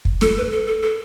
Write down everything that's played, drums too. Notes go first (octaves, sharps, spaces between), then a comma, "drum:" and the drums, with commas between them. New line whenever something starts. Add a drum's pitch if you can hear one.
drum: kick
A4, drum: snare
B4
A4
A4
A4